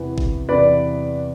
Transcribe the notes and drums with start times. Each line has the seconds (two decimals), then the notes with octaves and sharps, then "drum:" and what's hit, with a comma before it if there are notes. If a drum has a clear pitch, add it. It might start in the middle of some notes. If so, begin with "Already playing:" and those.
Already playing: E2 C3 E3 B3
0.18 drum: kick G#1
0.49 E2 C3 E3 B3 B4 D5